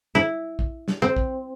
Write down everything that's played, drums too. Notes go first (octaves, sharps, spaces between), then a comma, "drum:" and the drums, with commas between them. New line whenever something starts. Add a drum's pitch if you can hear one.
E4
drum: kick
drum: snare
C4
drum: kick